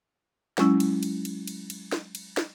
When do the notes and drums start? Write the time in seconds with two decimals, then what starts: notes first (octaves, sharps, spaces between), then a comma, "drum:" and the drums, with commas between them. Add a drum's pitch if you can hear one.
0.58 F#3 G#3 C#4 E4, drum: snare
0.80 drum: cymbal
1.03 drum: cymbal
1.25 drum: cymbal
1.47 drum: cymbal
1.70 drum: cymbal
1.92 drum: snare
2.15 drum: cymbal
2.37 drum: snare